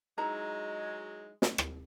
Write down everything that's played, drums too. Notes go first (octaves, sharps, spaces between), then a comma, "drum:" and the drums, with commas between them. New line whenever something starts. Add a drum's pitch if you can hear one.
F#3 G#3 D#4 E4 A#5
drum: snare
drum: rim click